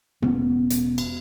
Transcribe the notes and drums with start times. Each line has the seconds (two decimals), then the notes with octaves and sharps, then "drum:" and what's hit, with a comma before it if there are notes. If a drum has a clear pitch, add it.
0.22 E1 B3 C#4, drum: tom A2
0.70 drum: hi-hat
0.98 drum: cymbal